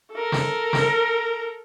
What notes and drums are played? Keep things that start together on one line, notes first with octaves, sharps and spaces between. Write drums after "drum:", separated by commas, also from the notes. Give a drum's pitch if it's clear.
A4 A#4
drum: snare
drum: snare